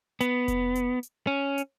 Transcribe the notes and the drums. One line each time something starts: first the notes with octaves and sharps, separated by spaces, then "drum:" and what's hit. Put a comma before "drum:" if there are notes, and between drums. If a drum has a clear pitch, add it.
B3, drum: hi-hat
drum: kick F1, hi-hat
drum: hi-hat
drum: hi-hat
C#4
drum: hi-hat